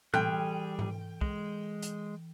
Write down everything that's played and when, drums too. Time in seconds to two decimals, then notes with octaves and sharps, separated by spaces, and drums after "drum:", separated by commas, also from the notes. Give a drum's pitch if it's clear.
0.14 E3 G3 G#4 G5 F#6, drum: tom A2
0.79 drum: tom G#2
1.21 G#3, drum: kick
1.82 drum: hi-hat